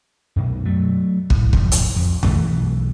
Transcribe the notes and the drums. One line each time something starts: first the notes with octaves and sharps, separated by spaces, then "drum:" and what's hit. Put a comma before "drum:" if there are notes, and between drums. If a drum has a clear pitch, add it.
F#2 B2
F#3 A3
A2, drum: kick
D1 F2, drum: kick
drum: hi-hat
F2
B1 E3 A3, drum: tom F2